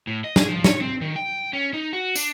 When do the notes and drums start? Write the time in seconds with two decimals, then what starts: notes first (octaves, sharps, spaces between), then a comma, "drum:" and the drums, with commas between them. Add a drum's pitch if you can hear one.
0.07 A2
0.24 D#5
0.36 G#4, drum: snare
0.48 F3
0.64 C#5, drum: snare
0.81 C4
1.01 D#3
1.16 G5
1.53 C#4
1.73 D#4
1.93 F#4
2.15 D4, drum: tambourine